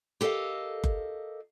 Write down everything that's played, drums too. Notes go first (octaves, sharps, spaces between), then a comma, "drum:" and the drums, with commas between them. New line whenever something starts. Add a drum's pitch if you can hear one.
G4 A4 A#4 D#5 F5
drum: kick F#1